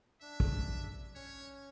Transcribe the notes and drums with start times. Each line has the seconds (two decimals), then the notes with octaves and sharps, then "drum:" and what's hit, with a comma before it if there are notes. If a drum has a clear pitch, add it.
0.21 D4 E5
0.40 drum: kick
1.15 C#4 C#5